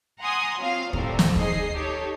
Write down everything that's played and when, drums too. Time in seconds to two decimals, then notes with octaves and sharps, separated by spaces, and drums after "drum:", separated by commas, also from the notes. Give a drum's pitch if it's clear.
0.21 F#5 G#5 A#5 C6 D#6 G#6
0.59 F#3 C4 F4 F5
0.93 C2 A2 A4 A#4, drum: kick
1.19 drum: snare
1.36 D#4 G#4 C5 D#5 C7, drum: kick
1.73 D#4 G4 A4 C#5